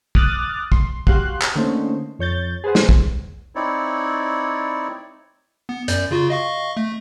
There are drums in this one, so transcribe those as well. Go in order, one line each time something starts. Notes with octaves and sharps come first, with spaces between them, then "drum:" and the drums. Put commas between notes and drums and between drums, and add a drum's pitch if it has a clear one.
D6 D#6 F6 F#6 A6, drum: kick
C6, drum: kick
F#4 G4 F5 C6 F#6, drum: kick
drum: clap
D3 A3 A#3 C#4 D#4 C5
F2 C#5 G6 A6
G#4 B4 C5 F#5
drum: snare
drum: kick
C4 D#4 E4 C#5 D5
B3
F#2 D5 G6, drum: hi-hat
C#3 F4 F#4
D#5 F5 C#6
A3